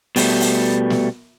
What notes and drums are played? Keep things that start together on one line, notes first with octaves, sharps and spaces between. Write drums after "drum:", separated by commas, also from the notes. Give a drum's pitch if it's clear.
B2 G3 A3, drum: open hi-hat
drum: open hi-hat
drum: snare